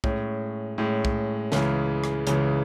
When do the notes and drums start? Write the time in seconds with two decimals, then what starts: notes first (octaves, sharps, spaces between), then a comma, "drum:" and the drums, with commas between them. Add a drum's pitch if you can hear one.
0.04 A2 G#3 C#4, drum: kick
0.78 A2 G#3 C#4
1.05 drum: kick
1.52 C#2 C#3 E3 G#3, drum: snare
2.04 drum: rim click
2.27 C#2 C#3 E3 G#3, drum: hi-hat